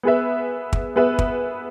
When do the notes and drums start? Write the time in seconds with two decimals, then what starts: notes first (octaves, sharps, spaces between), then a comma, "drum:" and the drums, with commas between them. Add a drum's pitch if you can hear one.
0.03 B3 G#4 B4 E5
0.73 drum: kick
0.96 B3 G#4 B4 E5
1.19 drum: kick